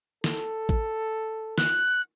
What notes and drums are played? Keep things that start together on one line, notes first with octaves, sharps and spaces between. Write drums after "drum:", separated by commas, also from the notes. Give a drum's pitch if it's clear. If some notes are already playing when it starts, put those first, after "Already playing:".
A4, drum: snare
drum: kick
F#6, drum: snare